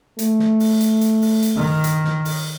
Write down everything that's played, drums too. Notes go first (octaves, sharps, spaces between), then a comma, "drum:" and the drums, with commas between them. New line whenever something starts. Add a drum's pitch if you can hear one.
A3, drum: hi-hat
drum: snare
drum: open hi-hat
drum: hi-hat
drum: hi-hat
drum: open hi-hat
drum: hi-hat
D#3
drum: hi-hat
drum: snare
drum: open hi-hat